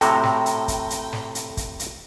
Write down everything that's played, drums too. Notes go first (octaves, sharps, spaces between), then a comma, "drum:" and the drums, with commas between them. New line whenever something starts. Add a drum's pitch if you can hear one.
A2 C3 F#4 A4 G5 A#5, drum: hi-hat
drum: snare
drum: hi-hat
drum: kick, hi-hat
drum: hi-hat
drum: snare
drum: hi-hat
drum: kick, hi-hat
drum: hi-hat